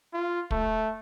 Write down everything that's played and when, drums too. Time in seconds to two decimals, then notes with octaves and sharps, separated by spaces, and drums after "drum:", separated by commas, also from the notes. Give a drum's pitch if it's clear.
0.13 F4
0.51 A3, drum: kick